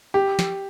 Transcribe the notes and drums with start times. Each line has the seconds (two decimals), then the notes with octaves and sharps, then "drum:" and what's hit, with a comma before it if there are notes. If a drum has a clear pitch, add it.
0.14 G4
0.39 drum: snare